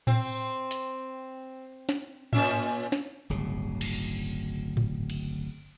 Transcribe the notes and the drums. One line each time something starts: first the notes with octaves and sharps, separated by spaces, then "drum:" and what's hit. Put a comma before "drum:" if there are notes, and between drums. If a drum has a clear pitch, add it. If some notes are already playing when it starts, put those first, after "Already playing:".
C4, drum: tom A2
drum: hi-hat
drum: snare
A#2 C#4 E5, drum: tom G#2
drum: snare
D1 G1 C#3
drum: cymbal
drum: tom G#2
drum: cymbal